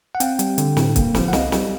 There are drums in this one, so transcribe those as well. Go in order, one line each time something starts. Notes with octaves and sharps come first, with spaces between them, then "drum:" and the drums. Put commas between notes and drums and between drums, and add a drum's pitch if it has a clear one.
F#5
C4 F5 G5, drum: hi-hat
G3, drum: hi-hat
D3, drum: hi-hat
A2, drum: snare
A#3, drum: kick, hi-hat
F3, drum: snare
F#5
C2 D#5 F5, drum: snare
G3, drum: snare